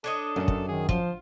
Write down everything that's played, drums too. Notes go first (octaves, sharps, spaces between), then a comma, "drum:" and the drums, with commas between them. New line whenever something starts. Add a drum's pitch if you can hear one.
D4 A4 C#5 D#5
F#2
drum: kick
D#3 G#4
F3 F4 C5, drum: kick